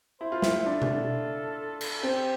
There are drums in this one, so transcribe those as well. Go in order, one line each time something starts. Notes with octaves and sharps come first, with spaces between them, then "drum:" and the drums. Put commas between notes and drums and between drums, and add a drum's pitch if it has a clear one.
E4 C5
F4
E4, drum: snare
E4
D4 A4
drum: tom B2
drum: cymbal
C4 G4